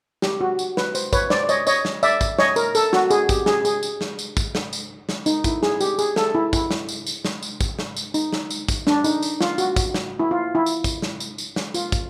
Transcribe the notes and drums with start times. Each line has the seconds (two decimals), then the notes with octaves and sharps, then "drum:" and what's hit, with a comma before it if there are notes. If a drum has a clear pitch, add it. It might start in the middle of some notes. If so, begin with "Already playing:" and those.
0.22 G4, drum: snare
0.41 F#4
0.59 drum: tambourine
0.77 B4, drum: snare
0.95 C5, drum: tambourine
1.13 B4 C#5, drum: kick, tambourine
1.30 C5 D5, drum: snare
1.44 D5
1.49 C#5 D#5, drum: tambourine
1.67 C#5 D#5, drum: tambourine
1.85 drum: snare
2.03 D5 E5, drum: tambourine
2.21 drum: kick, tambourine
2.39 C#5 D#5, drum: snare
2.56 A#4, drum: tambourine
2.75 A4, drum: tambourine
2.93 F#4, drum: snare
3.10 G#4, drum: tambourine
3.29 G4, drum: kick, tambourine
3.46 G#4, drum: snare
3.65 G#4, drum: tambourine
3.83 drum: tambourine
4.01 drum: snare
4.19 drum: tambourine
4.37 drum: kick, tambourine
4.55 drum: snare
4.73 drum: tambourine
5.09 drum: snare
5.26 D#4, drum: tambourine
5.44 E4, drum: kick, tambourine
5.63 G#4, drum: snare
5.81 G4, drum: tambourine
5.99 G#4, drum: tambourine
6.16 A4, drum: snare
6.35 E4
6.53 E4, drum: kick, tambourine
6.71 drum: snare
6.89 drum: tambourine
7.07 drum: tambourine
7.25 drum: snare
7.43 drum: tambourine
7.61 drum: kick, tambourine
7.79 drum: snare
7.97 drum: tambourine
8.14 D#4, drum: tambourine
8.33 drum: snare
8.50 drum: tambourine
8.68 drum: kick, tambourine
8.87 D4, drum: snare
9.04 D#4, drum: tambourine
9.22 drum: tambourine
9.41 F4, drum: snare
9.58 F#4, drum: tambourine
9.76 drum: kick, tambourine
9.94 drum: snare
10.20 E4
10.31 F4
10.55 E4
10.66 drum: tambourine
10.84 drum: kick, tambourine
11.02 drum: snare
11.20 drum: tambourine
11.38 drum: tambourine
11.56 drum: snare
11.74 F4, drum: tambourine
11.92 drum: kick, tambourine